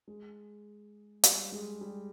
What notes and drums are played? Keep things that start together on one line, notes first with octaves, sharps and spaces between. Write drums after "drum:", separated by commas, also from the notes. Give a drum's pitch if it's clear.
G#3
G3, drum: hi-hat
G#3
G3